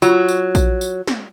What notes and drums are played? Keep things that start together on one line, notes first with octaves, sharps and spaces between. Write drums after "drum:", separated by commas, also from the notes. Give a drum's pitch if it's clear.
F#3 F4, drum: tambourine
drum: tambourine
drum: kick A#1, tambourine
drum: tambourine
drum: snare